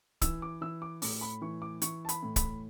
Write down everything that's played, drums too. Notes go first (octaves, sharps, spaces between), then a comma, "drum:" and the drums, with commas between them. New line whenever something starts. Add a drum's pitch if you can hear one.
E3 E6, drum: kick, hi-hat
D6
E3 E6
D6
A2 D6, drum: open hi-hat
B5
E3 C#6
D6
E3 C#6, drum: hi-hat
A5
B5, drum: hi-hat
A2
B5, drum: kick, hi-hat